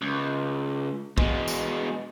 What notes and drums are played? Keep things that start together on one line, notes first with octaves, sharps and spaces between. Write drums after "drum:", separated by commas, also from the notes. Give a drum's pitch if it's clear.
C#2
B2 G#3, drum: kick
drum: tambourine